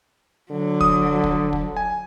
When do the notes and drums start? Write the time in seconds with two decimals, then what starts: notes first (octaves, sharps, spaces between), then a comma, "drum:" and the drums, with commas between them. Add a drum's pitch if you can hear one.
0.51 D3 F#3
0.81 D#6, drum: kick
1.24 drum: kick
1.53 drum: kick
1.77 G#5